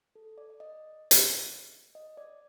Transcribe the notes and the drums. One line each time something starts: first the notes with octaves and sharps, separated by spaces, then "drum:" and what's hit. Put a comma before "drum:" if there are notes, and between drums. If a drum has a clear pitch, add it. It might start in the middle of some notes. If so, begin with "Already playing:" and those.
A4
D5
D5
D#5
drum: hi-hat
D#5
D5